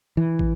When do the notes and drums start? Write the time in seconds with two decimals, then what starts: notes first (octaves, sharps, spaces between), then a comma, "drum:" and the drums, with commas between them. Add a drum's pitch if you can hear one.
0.17 E3
0.39 drum: kick